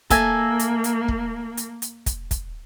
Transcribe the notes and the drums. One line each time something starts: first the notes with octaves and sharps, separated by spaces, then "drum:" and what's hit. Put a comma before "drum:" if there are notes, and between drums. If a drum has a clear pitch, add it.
A#3 A4 E5 G#5, drum: kick, hi-hat
drum: hi-hat
drum: hi-hat
drum: kick
drum: hi-hat
drum: hi-hat
drum: kick, hi-hat
drum: kick, hi-hat